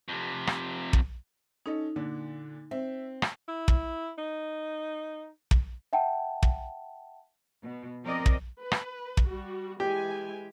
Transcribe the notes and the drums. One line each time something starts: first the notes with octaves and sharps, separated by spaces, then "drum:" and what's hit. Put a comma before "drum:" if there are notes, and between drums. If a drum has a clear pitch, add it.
F2 C3
drum: rim click
drum: kick
C#4 D#4 A4 D#5
A#2 D3 D4
C4 E5
drum: rim click
E4
drum: kick
D#4
drum: kick
E5 F#5 G5 A5
drum: kick
B2
F3 C4 A#4 D5 D#5
drum: kick
B4
drum: rim click
drum: kick
G3 F#4
E3 G#3 G4 G#5